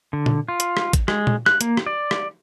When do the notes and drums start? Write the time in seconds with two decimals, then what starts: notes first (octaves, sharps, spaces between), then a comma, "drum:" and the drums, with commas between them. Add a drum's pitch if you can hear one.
0.13 D3
0.26 drum: tom A#2
0.48 F4
0.60 drum: hi-hat
0.77 drum: rim click
0.93 drum: kick, hi-hat
1.08 G#3, drum: rim click
1.27 drum: tom A#2
1.46 F#6, drum: rim click
1.61 A#3, drum: hi-hat
1.77 drum: rim click
1.86 D5
2.11 drum: rim click